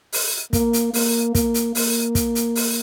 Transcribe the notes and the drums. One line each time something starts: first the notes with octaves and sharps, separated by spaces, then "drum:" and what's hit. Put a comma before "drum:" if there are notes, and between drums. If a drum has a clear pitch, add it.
drum: open hi-hat
A#3, drum: kick, hi-hat
drum: hi-hat
A#3, drum: open hi-hat
A#3, drum: kick, hi-hat
drum: hi-hat
A#3, drum: open hi-hat
drum: kick, hi-hat
drum: hi-hat
drum: open hi-hat